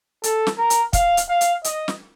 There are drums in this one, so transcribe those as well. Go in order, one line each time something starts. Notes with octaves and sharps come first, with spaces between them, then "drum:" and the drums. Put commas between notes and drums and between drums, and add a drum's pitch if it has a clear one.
A4, drum: hi-hat
drum: snare
A#4
drum: hi-hat
F5, drum: kick, hi-hat
drum: hi-hat
F5
drum: hi-hat
D#5, drum: hi-hat
drum: snare